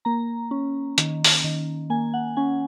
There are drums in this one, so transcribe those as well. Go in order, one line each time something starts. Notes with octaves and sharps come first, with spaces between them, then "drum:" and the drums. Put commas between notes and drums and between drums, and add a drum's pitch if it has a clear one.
A#3 A#5
C#4
D#3, drum: hi-hat
drum: open hi-hat
D#3
A#3 G#5
F#5
C#4 G#5